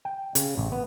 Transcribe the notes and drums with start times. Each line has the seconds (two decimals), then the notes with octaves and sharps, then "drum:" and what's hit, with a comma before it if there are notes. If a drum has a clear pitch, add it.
0.05 G5
0.35 C#3, drum: hi-hat
0.58 A1
0.72 B3